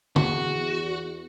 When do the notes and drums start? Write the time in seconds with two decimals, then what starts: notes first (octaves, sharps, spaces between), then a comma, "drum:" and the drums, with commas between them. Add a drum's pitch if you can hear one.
0.16 E2 F#4, drum: tom